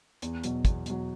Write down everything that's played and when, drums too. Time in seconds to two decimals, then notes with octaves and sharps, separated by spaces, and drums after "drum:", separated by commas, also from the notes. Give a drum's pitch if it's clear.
0.22 E2, drum: hi-hat
0.44 B2 F#3, drum: hi-hat
0.65 E2, drum: kick, hi-hat
0.86 B2 F#3, drum: hi-hat